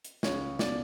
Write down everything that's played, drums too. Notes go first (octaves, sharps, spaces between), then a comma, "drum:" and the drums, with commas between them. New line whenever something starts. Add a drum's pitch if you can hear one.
drum: hi-hat
C#2 C#5, drum: snare
B2 D5, drum: snare